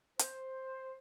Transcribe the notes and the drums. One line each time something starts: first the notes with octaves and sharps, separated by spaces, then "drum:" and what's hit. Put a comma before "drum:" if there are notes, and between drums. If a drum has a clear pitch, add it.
C5, drum: hi-hat